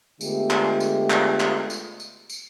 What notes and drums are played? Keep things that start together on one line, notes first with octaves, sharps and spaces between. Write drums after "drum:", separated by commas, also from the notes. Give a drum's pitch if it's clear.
D3 G#3 A3 B3 F4 G4, drum: tambourine
drum: clap
drum: tambourine
drum: clap
drum: clap
drum: tambourine
drum: tambourine
drum: tambourine